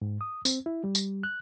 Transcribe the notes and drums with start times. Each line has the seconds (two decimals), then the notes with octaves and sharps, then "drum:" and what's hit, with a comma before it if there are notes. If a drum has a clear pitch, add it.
0.02 G#2
0.21 D#6
0.45 C4, drum: tambourine
0.66 E4
0.84 G3
0.95 drum: tambourine
1.23 F#6